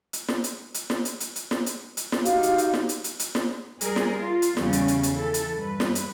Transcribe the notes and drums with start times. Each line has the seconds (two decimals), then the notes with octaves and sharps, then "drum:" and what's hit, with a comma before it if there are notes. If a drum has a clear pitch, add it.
0.13 drum: hi-hat
0.28 drum: snare
0.44 drum: hi-hat
0.74 drum: hi-hat
0.90 drum: snare
1.05 drum: hi-hat
1.20 drum: hi-hat
1.36 drum: hi-hat
1.51 drum: snare
1.66 drum: hi-hat
1.97 drum: hi-hat
2.12 drum: snare
2.25 D#4 F#4 G4 F5, drum: hi-hat
2.43 drum: hi-hat
2.58 drum: hi-hat
2.74 drum: snare
2.89 drum: hi-hat
3.04 drum: hi-hat
3.19 drum: hi-hat
3.35 drum: snare
3.81 G3 G#4 A#4, drum: hi-hat
3.96 drum: snare
4.18 F4
4.42 drum: hi-hat
4.57 E2 C#3 G3 C#4, drum: snare
4.73 drum: hi-hat
4.88 drum: hi-hat
5.03 drum: hi-hat
5.13 E3 A4
5.34 drum: hi-hat
5.56 G2 B4
5.80 drum: snare
5.95 drum: hi-hat